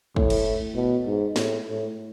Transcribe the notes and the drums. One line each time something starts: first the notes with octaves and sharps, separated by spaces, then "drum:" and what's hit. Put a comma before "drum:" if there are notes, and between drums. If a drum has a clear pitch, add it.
A2, drum: kick
drum: cymbal
B2
G#2
A2, drum: snare
A2